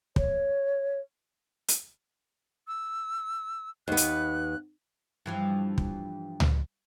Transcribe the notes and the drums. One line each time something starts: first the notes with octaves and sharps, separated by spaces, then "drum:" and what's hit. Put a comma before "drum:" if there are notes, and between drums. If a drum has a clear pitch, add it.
C#5, drum: kick
drum: hi-hat
E6
D#2 B3 F#6
drum: hi-hat
G2 E3 F3
drum: kick
drum: tom C#2